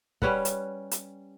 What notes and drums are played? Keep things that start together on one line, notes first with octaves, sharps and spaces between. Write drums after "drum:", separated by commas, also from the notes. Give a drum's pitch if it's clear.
G3 C#4 B4 F#5, drum: kick
drum: hi-hat
drum: hi-hat